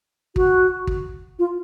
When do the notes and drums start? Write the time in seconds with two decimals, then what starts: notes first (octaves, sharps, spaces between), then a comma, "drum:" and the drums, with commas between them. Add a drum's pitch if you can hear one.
0.36 F#4, drum: kick
0.87 drum: kick
1.39 F4